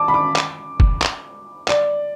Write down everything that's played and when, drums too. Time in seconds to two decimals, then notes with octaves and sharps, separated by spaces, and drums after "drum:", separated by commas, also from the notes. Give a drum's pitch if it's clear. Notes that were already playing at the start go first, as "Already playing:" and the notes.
Already playing: A5 D6
0.08 B5
0.14 D6
0.36 drum: clap
0.80 drum: kick
1.02 drum: clap
1.68 D5, drum: clap